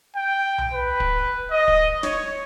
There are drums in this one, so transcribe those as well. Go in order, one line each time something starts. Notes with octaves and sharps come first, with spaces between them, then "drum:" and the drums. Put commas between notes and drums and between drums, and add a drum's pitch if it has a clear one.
G5
drum: tom B1
B4
drum: kick
D#5
drum: kick
C#5, drum: snare